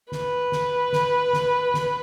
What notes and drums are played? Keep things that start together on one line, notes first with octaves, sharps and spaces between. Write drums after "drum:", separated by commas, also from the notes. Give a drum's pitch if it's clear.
B4, drum: snare
drum: snare
drum: snare
drum: snare
drum: snare